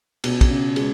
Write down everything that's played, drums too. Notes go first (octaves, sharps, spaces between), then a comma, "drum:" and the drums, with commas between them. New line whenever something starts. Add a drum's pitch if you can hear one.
B2, drum: cymbal
drum: kick, cymbal
C#3
G#3, drum: cymbal